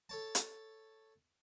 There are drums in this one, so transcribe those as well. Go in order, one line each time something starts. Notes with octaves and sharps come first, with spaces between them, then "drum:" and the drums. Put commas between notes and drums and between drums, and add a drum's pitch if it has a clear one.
A4 C#5 A5
drum: hi-hat